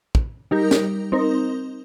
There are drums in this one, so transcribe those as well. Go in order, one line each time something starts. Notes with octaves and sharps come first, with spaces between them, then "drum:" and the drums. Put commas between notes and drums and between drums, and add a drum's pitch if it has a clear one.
drum: kick
G3 D#4 G4 A#4
drum: snare
C4 D#4 A#4